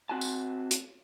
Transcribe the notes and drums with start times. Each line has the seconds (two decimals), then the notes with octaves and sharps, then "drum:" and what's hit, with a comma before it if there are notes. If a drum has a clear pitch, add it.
0.09 C4 F#4 G#5 A5
0.21 drum: tambourine
0.71 drum: hi-hat